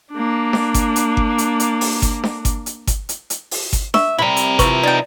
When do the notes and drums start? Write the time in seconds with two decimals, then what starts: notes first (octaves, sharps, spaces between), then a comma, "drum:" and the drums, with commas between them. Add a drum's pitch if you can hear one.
0.12 A#3 D4
0.53 drum: snare D4
0.74 drum: kick G1, hi-hat
0.96 drum: hi-hat
1.17 drum: kick G1
1.38 drum: hi-hat
1.60 drum: hi-hat
1.81 drum: open hi-hat
2.02 drum: kick G1, hi-hat
2.24 drum: snare D4
2.45 drum: kick G1, hi-hat
2.66 drum: hi-hat
2.87 drum: kick G1, hi-hat
3.09 drum: hi-hat
3.30 drum: hi-hat
3.51 drum: open hi-hat
3.73 drum: kick G1, hi-hat
3.94 E5 C#6, drum: snare D4
4.19 C3 G3 E4 A#4 B5
4.37 drum: hi-hat
4.59 C3 E3 F3 B4 C#6, drum: kick G1, hi-hat
4.83 D#4 D5 G5 A6